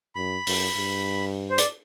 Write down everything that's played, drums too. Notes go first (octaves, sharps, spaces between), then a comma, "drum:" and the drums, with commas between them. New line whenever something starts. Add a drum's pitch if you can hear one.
F#2 B5
F#2, drum: open hi-hat
G2
C5
D5, drum: hi-hat